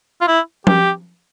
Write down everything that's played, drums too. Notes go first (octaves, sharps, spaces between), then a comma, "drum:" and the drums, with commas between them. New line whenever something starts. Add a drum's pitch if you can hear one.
F4
E4
G4, drum: tom F3